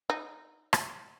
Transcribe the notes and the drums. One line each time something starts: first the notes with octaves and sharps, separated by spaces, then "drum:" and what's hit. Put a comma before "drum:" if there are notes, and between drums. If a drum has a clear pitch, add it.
D#4
drum: rim click